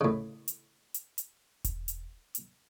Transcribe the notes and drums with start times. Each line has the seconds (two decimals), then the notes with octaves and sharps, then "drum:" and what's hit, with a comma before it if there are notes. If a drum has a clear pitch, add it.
0.01 A2 C#3
0.48 drum: hi-hat
0.94 drum: hi-hat
1.18 drum: hi-hat
1.65 drum: kick E1, hi-hat
1.88 drum: hi-hat
2.35 drum: hi-hat